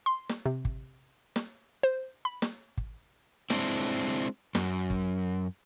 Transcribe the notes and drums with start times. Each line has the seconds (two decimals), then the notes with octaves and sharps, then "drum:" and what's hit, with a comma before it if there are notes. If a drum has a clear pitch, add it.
0.06 C6
0.29 drum: snare
0.46 C3
0.65 drum: kick
1.36 drum: snare
1.83 C5
2.25 B5
2.42 drum: snare
2.78 drum: kick
3.50 G#3 C4 D4 E4, drum: snare
4.55 F#2, drum: snare
4.90 drum: kick